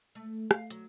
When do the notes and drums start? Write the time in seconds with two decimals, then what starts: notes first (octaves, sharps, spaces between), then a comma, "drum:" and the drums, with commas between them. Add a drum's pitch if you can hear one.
0.15 A3
0.51 F5, drum: rim click
0.71 F#3, drum: hi-hat